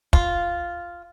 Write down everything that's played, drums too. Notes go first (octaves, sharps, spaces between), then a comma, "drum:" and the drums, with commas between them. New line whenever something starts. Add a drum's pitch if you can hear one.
F4, drum: kick